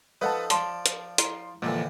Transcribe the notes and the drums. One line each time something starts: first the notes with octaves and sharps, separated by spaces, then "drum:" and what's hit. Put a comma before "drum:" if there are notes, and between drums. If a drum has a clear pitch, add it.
F3 D#4 A4 B4 D#5 F#5 A5
F3 D5 A5 C6 E7, drum: hi-hat
drum: hi-hat
E4 C6, drum: hi-hat
F2 A#2 D3 E3 F3 A#3